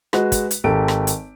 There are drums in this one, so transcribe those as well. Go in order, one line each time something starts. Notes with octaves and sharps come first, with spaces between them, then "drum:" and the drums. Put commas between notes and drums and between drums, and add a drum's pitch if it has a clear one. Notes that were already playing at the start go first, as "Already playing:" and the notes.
G#3 F#4 B4 D#5, drum: rim click
drum: kick, hi-hat
drum: hi-hat
G#1 G4 A4 A5 D7
drum: rim click
drum: hi-hat